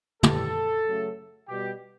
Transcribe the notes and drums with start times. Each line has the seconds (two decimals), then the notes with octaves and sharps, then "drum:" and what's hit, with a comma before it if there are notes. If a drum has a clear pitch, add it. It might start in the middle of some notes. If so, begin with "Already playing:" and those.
0.23 A2 E3 G3 A4, drum: tom
0.86 C#3 F#3 A3
1.48 B2 G3 G4